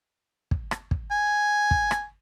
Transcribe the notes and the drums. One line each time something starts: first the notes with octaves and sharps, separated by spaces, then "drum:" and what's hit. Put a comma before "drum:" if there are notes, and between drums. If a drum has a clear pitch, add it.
drum: kick
drum: rim click
drum: kick
G#5
drum: kick
drum: rim click